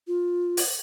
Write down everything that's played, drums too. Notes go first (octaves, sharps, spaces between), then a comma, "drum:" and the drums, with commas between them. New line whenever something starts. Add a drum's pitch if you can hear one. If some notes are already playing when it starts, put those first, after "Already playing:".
F4
drum: open hi-hat